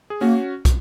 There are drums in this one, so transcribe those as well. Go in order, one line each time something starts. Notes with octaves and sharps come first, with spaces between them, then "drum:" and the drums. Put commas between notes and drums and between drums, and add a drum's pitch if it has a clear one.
G#4
A#3 C#4 F#4
drum: kick, hi-hat